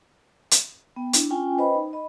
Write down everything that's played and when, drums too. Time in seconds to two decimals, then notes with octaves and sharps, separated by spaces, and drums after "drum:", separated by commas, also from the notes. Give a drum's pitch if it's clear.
0.51 drum: hi-hat
0.96 B3 G5
1.13 D4 E4, drum: hi-hat
1.30 C#4 F4 G5 G#5
1.58 B4 C5 D#5 G5 B5
1.75 D#4
1.93 D#5 B5